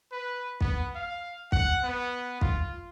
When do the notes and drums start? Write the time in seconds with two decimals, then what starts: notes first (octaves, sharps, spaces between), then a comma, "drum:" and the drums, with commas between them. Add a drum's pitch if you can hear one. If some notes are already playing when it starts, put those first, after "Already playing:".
0.12 B4
0.61 B3, drum: kick
0.95 F5
1.52 F#5, drum: kick
1.83 B3
2.41 F4, drum: kick